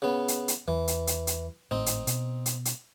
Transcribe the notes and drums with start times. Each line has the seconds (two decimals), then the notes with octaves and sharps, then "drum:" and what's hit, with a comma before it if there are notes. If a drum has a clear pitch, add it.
0.02 C#3 B3
0.28 drum: hi-hat
0.48 drum: hi-hat
0.68 E2 E3
0.88 drum: hi-hat
1.07 drum: hi-hat
1.27 drum: hi-hat
1.71 G#1 A2 C4 D#4
1.86 drum: hi-hat
2.07 B2, drum: hi-hat
2.46 drum: hi-hat
2.65 drum: hi-hat